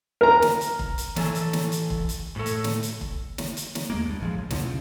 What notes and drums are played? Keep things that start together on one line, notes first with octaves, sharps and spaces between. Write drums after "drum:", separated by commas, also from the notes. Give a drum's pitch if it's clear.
A#4 A#5
drum: snare
drum: hi-hat
drum: kick
drum: hi-hat
E3 A4 G#5, drum: snare
drum: hi-hat
drum: snare
drum: hi-hat
drum: kick
drum: hi-hat
A2 A4
drum: hi-hat
drum: snare
drum: hi-hat
drum: kick
drum: snare
drum: hi-hat
drum: snare
D#2 G#3 A#3
G2
A1 F3 G#3
C#2
F2 B2 D3 F3, drum: snare
C#3